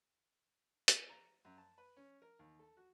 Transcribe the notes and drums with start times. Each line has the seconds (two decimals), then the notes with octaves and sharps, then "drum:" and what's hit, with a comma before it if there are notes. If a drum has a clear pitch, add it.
0.88 drum: hi-hat
1.09 A#5
1.45 F#2
1.58 A5
1.78 B4
1.97 C#4
2.22 A#4
2.39 D#2
2.59 A4
2.77 F#4